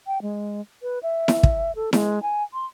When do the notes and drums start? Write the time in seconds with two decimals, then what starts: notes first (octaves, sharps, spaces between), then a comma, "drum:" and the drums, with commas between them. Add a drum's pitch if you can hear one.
0.07 G5
0.22 G#3
0.82 B4
1.03 E5
1.28 drum: snare E4
1.43 drum: kick
1.76 A4
1.93 G#3, drum: snare E4
2.23 G#5
2.54 C6